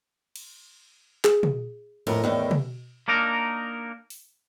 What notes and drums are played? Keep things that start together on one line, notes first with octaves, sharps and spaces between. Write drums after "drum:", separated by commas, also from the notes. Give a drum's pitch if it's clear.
drum: cymbal
G#4, drum: clap
drum: tom
F2 A2 A#4, drum: cymbal
E2 A2 D#3
drum: tom
A#3 D4 D#4 A#4
drum: open hi-hat